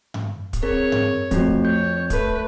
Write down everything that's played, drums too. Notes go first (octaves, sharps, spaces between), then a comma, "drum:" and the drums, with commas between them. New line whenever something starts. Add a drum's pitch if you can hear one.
drum: tom G2
drum: kick, hi-hat
C4 G#4 A#4 C#5
drum: tom G2
F2 A3 C4 F#4, drum: kick, hi-hat
C#5 G6
A3 B4, drum: kick, hi-hat